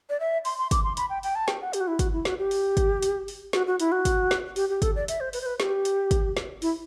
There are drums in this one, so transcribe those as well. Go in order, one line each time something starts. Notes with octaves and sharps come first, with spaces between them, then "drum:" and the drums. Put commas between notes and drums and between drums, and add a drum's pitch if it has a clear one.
D5
E5
C6, drum: open hi-hat
C6
D6, drum: kick, hi-hat
C6
B5, drum: hi-hat
G5
G5, drum: open hi-hat
A5
G5, drum: snare
F#5
G4, drum: hi-hat
F#4
E4
F#4, drum: kick, hi-hat
E4
F#4, drum: snare
G4
drum: open hi-hat
drum: kick, hi-hat
drum: hi-hat
drum: open hi-hat
F#4, drum: snare
F#4
E4, drum: hi-hat
F#4
drum: kick, hi-hat
drum: snare
G4, drum: open hi-hat
G4
A4, drum: kick, hi-hat
D5
E5, drum: hi-hat
C5
B4, drum: open hi-hat
C5
B4
G4, drum: snare
drum: hi-hat
drum: kick, hi-hat
drum: snare
E4, drum: open hi-hat